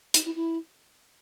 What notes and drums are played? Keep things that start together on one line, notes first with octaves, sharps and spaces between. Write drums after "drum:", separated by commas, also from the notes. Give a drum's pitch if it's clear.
D#4, drum: hi-hat
E4
E4